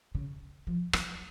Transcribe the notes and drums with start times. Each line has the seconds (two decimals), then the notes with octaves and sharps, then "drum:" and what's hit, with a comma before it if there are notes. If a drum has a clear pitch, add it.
0.15 C#3
0.67 F3
0.93 F#3, drum: rim click